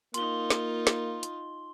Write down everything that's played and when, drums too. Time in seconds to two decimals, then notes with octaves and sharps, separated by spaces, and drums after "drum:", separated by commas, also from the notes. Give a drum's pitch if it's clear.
0.14 A#3 D#4 F4 C6 G7, drum: hi-hat
0.50 drum: snare
0.87 drum: snare
1.23 drum: hi-hat